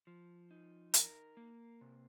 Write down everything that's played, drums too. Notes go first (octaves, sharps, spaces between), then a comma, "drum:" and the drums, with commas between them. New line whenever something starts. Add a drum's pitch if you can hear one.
F3
D#4
A#4, drum: hi-hat
A#3
C3